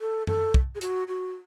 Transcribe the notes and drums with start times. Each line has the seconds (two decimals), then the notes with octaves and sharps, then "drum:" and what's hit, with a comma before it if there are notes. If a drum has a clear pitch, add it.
0.01 A4
0.27 A4, drum: tom F#2
0.54 drum: kick
0.75 G#4
0.81 F#4, drum: hi-hat
1.08 F#4